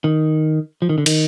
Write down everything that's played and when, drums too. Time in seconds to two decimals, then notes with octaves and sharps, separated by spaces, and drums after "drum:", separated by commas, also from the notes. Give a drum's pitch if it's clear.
0.04 D#3
0.82 F3
0.89 D#3
0.98 D3
1.06 D#3, drum: cymbal